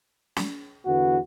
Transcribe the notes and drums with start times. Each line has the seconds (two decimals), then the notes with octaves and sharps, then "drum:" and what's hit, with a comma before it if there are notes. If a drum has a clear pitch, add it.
0.37 drum: snare
0.85 E2 D3 B3 F#4